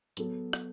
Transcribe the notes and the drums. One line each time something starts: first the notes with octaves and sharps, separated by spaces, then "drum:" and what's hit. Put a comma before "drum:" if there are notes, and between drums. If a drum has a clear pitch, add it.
F#3 B3 A4, drum: hi-hat
drum: rim click